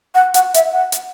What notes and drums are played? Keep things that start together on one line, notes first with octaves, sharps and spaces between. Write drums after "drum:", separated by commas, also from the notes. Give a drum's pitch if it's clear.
F#5
F#5, drum: hi-hat
E5, drum: hi-hat
F#5
drum: hi-hat